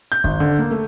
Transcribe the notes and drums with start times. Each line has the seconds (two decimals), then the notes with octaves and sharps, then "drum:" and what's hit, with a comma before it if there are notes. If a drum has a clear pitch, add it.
0.12 G6
0.24 G#1, drum: kick
0.40 D3
0.59 A#3
0.71 A3